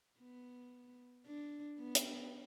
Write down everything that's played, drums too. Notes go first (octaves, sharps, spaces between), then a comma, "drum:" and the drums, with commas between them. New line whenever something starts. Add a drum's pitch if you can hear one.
B3
D4
B3
drum: hi-hat